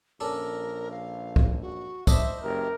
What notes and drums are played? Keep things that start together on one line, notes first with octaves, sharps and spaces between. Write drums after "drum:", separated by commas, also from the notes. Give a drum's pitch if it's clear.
A#1 C#4 D4 A4 A#4
F5
drum: kick
F#4
D4 E4 C5 D#5 E5, drum: kick, tambourine
F#1 G4 A#4